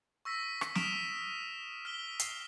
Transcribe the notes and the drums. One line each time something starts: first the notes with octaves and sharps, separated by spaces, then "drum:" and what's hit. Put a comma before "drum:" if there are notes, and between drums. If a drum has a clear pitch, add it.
C#6 E6 A#6 B6
drum: rim click
C#6 D#6 F6 B6 D7 E7, drum: snare
F6 B6 G7
C7, drum: hi-hat